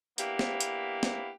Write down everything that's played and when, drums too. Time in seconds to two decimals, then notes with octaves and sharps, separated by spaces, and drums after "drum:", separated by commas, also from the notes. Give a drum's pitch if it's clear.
0.18 A#3 B3 D4 E4 G4 F5, drum: hi-hat
0.39 drum: snare
0.60 drum: hi-hat
1.03 drum: snare